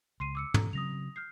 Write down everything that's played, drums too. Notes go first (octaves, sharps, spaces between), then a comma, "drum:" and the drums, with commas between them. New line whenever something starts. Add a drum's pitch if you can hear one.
C#2 C6 C7 D#7
D6 E6 C#7
B2 A4 A#5, drum: tom
C#3 F#3 C4 D#6 A#6 F7
F6 G6 C7